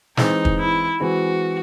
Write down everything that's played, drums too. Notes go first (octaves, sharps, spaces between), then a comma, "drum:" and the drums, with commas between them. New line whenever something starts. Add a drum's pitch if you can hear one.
E3 G#3 C4 D#4, drum: snare
drum: kick
E4
E3 G#3 C4 F#4